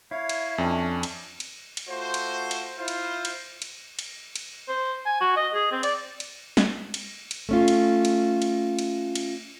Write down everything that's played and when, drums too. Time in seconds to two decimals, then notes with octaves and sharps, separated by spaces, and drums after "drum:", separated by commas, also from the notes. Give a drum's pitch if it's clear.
0.11 E4 C#5 F5
0.29 drum: cymbal
0.58 F2 C#4 D4
1.03 drum: cymbal
1.40 drum: cymbal
1.77 drum: cymbal
1.90 A3 F4 F#4 C5
2.14 drum: cymbal
2.51 drum: cymbal
2.79 E4 F4 C5
2.88 drum: cymbal
3.25 drum: cymbal
3.62 drum: cymbal
3.99 drum: cymbal
4.36 drum: cymbal
4.68 C5
5.06 G#5
5.21 F#4
5.37 D#5
5.54 G#4
5.72 C4
5.83 D5, drum: cymbal
6.20 drum: cymbal
6.57 drum: snare
6.94 drum: cymbal
7.31 drum: cymbal
7.49 A3 C#4 F4
7.68 drum: cymbal
8.05 drum: cymbal
8.42 drum: cymbal
8.79 drum: cymbal
9.15 drum: cymbal